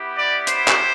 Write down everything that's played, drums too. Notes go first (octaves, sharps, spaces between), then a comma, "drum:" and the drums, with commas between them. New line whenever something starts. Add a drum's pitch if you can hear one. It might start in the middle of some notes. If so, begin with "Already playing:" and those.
Already playing: B3 E4 G4
D5
C5, drum: hi-hat
drum: clap